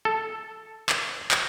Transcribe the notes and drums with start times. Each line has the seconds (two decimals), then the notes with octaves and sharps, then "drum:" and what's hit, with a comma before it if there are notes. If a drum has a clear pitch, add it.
0.05 A4
0.89 drum: clap
1.31 drum: clap